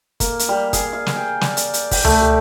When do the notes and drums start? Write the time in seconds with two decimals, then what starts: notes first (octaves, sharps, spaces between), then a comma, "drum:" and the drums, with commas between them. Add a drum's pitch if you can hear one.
0.20 A#3, drum: kick, hi-hat
0.39 drum: hi-hat
0.49 G3
0.73 G#4, drum: kick, hi-hat
0.93 F5
1.06 drum: snare
1.16 G5
1.41 D5, drum: snare
1.57 drum: hi-hat
1.74 drum: hi-hat
1.91 G5, drum: kick, open hi-hat
2.05 A3, drum: tom C#2
2.21 G4